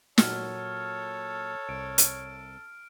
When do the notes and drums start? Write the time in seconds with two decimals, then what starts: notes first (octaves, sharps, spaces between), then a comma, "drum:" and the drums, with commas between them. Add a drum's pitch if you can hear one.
0.18 A#2 F#3 F#4 A4 C#5 F6, drum: snare
1.69 C2 D7
1.98 drum: hi-hat